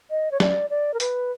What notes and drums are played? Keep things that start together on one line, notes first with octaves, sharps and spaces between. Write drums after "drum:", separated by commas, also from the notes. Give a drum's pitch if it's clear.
D#5
C#5
D5, drum: snare
D5
A#4
B4, drum: hi-hat